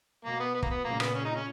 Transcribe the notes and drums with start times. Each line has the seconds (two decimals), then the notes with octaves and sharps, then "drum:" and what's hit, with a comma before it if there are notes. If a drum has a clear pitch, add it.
0.25 B2 A#3
0.40 B3
0.55 B3
0.62 A#3, drum: kick
0.71 B3
0.85 A#2 C#3 A#3
1.00 B3, drum: rim click
1.15 C#4
1.25 D#4
1.35 C#4